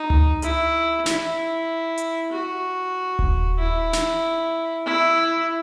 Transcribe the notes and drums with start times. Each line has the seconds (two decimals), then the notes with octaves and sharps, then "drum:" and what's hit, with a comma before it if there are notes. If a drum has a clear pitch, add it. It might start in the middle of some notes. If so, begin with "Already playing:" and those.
Already playing: D#4
0.10 drum: tom C#2
0.42 E4, drum: hi-hat
1.06 E4, drum: snare
1.98 drum: hi-hat
2.32 F#4
3.19 drum: kick D#1
3.59 E4
3.93 drum: snare
4.86 E4